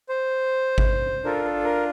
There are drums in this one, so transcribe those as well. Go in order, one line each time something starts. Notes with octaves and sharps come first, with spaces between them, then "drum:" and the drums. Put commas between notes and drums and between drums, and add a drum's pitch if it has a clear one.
C5
drum: kick G#1
D4 F4 A4 A#4
A4
A#4